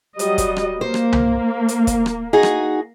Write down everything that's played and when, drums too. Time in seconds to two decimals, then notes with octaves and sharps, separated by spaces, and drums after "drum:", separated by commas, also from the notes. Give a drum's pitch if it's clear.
0.19 F#3 G3 D#5, drum: hi-hat
0.38 drum: kick, hi-hat
0.56 drum: rim click
0.81 A#3 C5
0.94 drum: rim click
1.12 drum: tom C2
1.68 drum: hi-hat
1.87 drum: kick, hi-hat
2.06 drum: rim click
2.33 D#4 F#4 G#4
2.43 drum: rim click